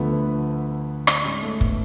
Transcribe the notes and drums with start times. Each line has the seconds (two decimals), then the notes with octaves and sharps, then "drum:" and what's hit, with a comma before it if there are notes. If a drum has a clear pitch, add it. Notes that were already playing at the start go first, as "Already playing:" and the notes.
Already playing: D2 D3 F3 A3 B3
1.07 drum: rim click
1.25 G#2 G#3 C#4
1.43 A3
1.61 B3, drum: kick